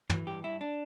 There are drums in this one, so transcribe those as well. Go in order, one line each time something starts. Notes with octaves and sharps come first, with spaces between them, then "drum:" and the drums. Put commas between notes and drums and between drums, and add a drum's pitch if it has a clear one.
E3, drum: tom
G2 G4
G2 E4
D4